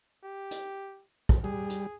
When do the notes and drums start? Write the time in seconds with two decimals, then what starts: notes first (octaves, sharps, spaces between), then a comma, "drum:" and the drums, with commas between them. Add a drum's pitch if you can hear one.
0.24 G4
0.51 drum: hi-hat
1.29 drum: kick
1.44 G3 G#4
1.70 drum: hi-hat